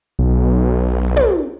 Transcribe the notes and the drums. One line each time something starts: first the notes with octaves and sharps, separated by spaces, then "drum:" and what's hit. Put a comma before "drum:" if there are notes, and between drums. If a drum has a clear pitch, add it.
B1
drum: tom